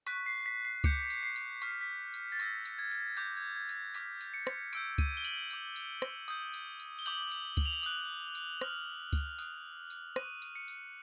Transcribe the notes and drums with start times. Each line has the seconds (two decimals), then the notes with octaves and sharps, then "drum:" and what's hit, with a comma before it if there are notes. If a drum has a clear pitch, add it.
0.07 C#6 F#6 B6, drum: tambourine
0.26 C7
0.46 B6
0.65 C7
0.84 D6 G6 C#7, drum: kick C#2, tambourine
1.10 drum: tambourine
1.23 C7
1.36 drum: tambourine
1.62 C#6 F6 B6, drum: tambourine
1.71 C7
1.81 B6
2.14 drum: tambourine
2.32 A6
2.39 C#6 E6 G6 A#6, drum: tambourine
2.66 drum: tambourine
2.79 G#6
2.91 drum: tambourine
3.17 D6 F#6 G6, drum: tambourine
3.37 G#6
3.56 G#6
3.69 drum: tambourine
3.94 D6 F6 B6, drum: tambourine
4.21 drum: tambourine
4.34 C#7
4.47 drum: rim click
4.73 C#6 E6 G6 D7, drum: tambourine
4.98 D#7, drum: kick C#2, tambourine
5.17 G7
5.25 F#7, drum: tambourine
5.51 D6 G6, drum: tambourine
5.76 drum: tambourine
6.02 drum: rim click
6.28 D#6 G6, drum: tambourine
6.54 drum: tambourine
6.80 drum: tambourine
6.99 G7
7.06 D6 G6 F#7, drum: tambourine
7.31 drum: tambourine
7.57 F#7, drum: kick C#2, tambourine
7.66 F7
7.73 F#7
7.83 D#6 F#6, drum: tambourine
8.35 drum: tambourine
8.61 D6 F6, drum: rim click
9.13 drum: kick C#2, tambourine
9.39 D#6 F#6, drum: tambourine
9.90 drum: tambourine
10.16 C#6 F#6 D#7, drum: rim click
10.42 drum: tambourine
10.55 C#7
10.68 drum: tambourine